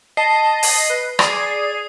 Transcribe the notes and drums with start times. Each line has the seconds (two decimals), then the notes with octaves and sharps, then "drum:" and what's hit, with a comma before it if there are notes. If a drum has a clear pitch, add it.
0.17 D#5 A5 C7
0.63 drum: open hi-hat
0.89 B4
1.19 G#4 D5 D#6, drum: rim click